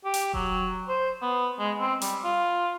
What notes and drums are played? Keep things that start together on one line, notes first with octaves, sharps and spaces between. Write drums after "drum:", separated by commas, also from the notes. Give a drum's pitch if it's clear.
G4
drum: hi-hat
F#3, drum: kick E1
C5
B3
G#3
C4
G3, drum: hi-hat
F4